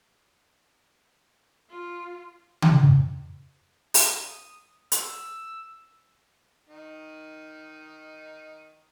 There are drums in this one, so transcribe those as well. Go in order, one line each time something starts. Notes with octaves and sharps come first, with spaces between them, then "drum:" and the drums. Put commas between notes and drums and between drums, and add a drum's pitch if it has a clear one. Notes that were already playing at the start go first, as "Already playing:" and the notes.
F4
drum: tom C#3
D#6, drum: open hi-hat
E6, drum: hi-hat
D#3 D#4